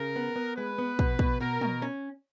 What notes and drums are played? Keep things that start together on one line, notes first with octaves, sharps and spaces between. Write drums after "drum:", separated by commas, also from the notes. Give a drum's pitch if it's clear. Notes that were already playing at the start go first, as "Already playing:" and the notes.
Already playing: C#3 A#4
B3
B3
G#3 B4
B3
B2, drum: kick
B2, drum: kick
B2 A#4
B2, drum: tom
C#4